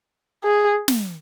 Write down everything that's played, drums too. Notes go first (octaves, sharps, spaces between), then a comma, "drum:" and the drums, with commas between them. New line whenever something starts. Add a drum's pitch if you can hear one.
G#4
drum: snare